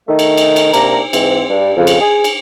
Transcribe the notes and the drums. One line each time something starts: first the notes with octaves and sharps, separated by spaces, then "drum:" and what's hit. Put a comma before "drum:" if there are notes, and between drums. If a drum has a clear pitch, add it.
D#3 A3 D#4
drum: cymbal
drum: cymbal
drum: cymbal
C3 A#3 D4 A#5, drum: cymbal
G#2 E3 C4, drum: cymbal
G2
F2 C#3 F3
drum: cymbal
G#4
drum: cymbal